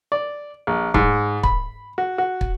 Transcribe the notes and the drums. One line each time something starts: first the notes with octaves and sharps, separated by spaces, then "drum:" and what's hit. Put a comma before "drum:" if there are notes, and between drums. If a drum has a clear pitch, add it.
D5
A#1
G#2, drum: kick
B5, drum: kick
F#4
F#4
drum: kick